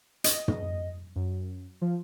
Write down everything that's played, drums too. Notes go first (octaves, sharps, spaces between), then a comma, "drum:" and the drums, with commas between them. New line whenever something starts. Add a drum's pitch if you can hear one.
D#5, drum: hi-hat
drum: tom
F#2
F3